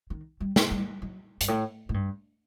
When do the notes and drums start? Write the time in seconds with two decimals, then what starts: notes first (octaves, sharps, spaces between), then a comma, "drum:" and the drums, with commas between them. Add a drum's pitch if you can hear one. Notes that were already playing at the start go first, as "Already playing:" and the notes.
0.10 D#3
0.40 G3
0.56 drum: snare
0.71 G3
1.02 F#3
1.41 G2, drum: hi-hat
1.48 A2
1.89 A2
1.94 G2